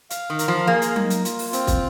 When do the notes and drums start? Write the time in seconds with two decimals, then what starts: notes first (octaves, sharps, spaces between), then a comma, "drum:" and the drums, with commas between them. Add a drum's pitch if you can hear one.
0.10 F5, drum: hi-hat
0.30 D#3
0.39 A#4, drum: hi-hat
0.48 F3
0.67 A#3 G#4
0.82 drum: hi-hat
0.96 D#4, drum: tom F#3
1.10 drum: hi-hat
1.25 F4, drum: hi-hat
1.39 drum: open hi-hat
1.53 C4, drum: hi-hat
1.67 drum: kick, hi-hat